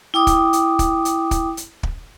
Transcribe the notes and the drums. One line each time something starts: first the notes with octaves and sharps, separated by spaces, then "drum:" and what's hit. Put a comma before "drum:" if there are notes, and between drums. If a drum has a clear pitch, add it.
E4 G5 D6 D#6
drum: kick, hi-hat
drum: hi-hat
drum: kick, hi-hat
drum: hi-hat
drum: kick, hi-hat
drum: hi-hat
drum: kick